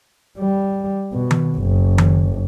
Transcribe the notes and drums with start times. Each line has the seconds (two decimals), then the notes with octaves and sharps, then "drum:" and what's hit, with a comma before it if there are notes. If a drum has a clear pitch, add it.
0.38 G3
1.14 B2
1.31 drum: tom D#3
1.57 F#1
1.98 drum: tom D#3